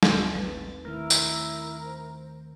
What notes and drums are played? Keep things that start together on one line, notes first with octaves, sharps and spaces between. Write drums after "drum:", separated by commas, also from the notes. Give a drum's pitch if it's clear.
D#2 C4, drum: snare
A1 B4 A6
D#3 A3 E4 A#4
drum: tambourine
C5